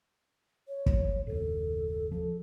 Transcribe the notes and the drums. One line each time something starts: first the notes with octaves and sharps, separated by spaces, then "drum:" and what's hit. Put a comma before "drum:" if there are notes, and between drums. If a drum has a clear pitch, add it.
C#5
drum: kick
F#1 D#2 A4
F3 A4